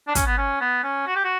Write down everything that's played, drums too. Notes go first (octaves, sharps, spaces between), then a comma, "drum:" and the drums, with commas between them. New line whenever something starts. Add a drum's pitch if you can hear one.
D4
C#4, drum: kick, hi-hat
B3
C#4
B3
C#4
F#4
G4
F#4